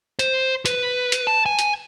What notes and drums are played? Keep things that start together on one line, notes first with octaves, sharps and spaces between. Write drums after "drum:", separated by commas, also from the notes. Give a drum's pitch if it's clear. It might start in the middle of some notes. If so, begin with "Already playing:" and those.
C5, drum: hi-hat
B4, drum: hi-hat
drum: hi-hat
A5
G#5
drum: hi-hat